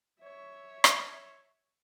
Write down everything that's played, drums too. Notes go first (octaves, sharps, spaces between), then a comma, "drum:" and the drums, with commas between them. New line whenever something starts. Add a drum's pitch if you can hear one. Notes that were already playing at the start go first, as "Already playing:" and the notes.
C#5 E5
drum: rim click